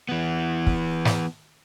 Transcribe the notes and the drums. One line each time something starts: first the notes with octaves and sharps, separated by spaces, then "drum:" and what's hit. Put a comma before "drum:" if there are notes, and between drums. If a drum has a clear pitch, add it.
E3 B3
drum: kick
drum: snare